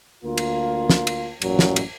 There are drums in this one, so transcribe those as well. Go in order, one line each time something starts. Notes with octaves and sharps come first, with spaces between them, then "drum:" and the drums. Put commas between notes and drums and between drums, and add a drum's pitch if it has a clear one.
D2 A#3 F4
drum: cymbal
drum: snare
drum: cymbal
A1 F#2 A#2 F#3, drum: cymbal
drum: snare
drum: cymbal